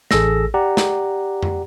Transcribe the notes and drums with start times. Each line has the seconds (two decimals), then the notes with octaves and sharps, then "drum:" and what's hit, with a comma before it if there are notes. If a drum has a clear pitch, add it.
0.11 A1 G#4 A4 E6 A#6, drum: snare
0.54 G4 D5 F#5 A#5
0.77 drum: snare
1.42 drum: tom F2